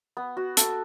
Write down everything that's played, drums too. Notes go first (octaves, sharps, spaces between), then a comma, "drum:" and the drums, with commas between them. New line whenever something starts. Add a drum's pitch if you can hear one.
B3
F#4
A4, drum: hi-hat